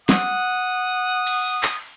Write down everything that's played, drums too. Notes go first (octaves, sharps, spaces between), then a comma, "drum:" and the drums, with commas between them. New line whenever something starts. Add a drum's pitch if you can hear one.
F#5 D#6, drum: snare
drum: cymbal
drum: clap